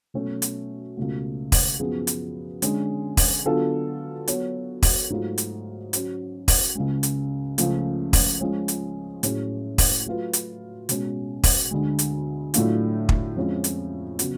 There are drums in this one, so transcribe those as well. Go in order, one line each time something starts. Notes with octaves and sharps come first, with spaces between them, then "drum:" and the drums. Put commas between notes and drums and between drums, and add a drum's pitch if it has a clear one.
B2 F#3 A3 C#4
drum: hi-hat
C#2 B2 A3
drum: kick, open hi-hat
F#2 F3 B3 F4 G#4
drum: hi-hat
D3 G#3 C#4, drum: hi-hat
drum: kick, open hi-hat
D3 F#3 B3 F4 A4
F#3 B3 F#4 C#5, drum: hi-hat
drum: kick, open hi-hat
G#2 F#3 A3 F4
drum: hi-hat
F#3 C#4 F#4, drum: hi-hat
drum: kick, open hi-hat
C#2 C#3 G#3
drum: hi-hat
C#2 C#3 F3 A3, drum: hi-hat
drum: kick, open hi-hat
F3 G#3 C#4
drum: hi-hat
A2 F#3 C#4 G#4, drum: hi-hat
drum: kick, open hi-hat
F#3 A3 F4 B4
drum: hi-hat
B2 G#3 C#4, drum: hi-hat
drum: kick, open hi-hat
D2 D3 G#3
drum: hi-hat
A2 F#3 A3 D4 F4, drum: hi-hat
drum: kick
F2 F3 G#3 C#4 F4
drum: hi-hat
C#3 F#3 B3, drum: hi-hat